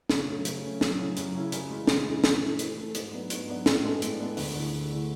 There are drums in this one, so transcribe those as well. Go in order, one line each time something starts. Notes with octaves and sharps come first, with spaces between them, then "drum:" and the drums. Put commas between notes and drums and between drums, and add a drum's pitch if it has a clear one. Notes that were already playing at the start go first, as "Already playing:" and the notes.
C#3, drum: snare
F#3 A3 C#4
C#3, drum: hi-hat
F#3 A3 C#4
F#2, drum: snare
C#3 F#3 C#4 E4
F#2, drum: hi-hat
C#3 F#3 C#4 E4
C#3, drum: hi-hat
E3 G#3
C#3, drum: snare
E3 G#3
E3, drum: snare
A3 E4 A4
E3, drum: hi-hat
A3 E4 A4
G#2, drum: hi-hat
F#3 B3 D4
G#2, drum: hi-hat
F#3 B3 D4
A2, drum: snare
G#3 B3 D4 A4
A2, drum: hi-hat
G#3 B3 D4 A4
D2, drum: open hi-hat
D3 A3 E4 G#4
D2
D3 A3 E4 G#4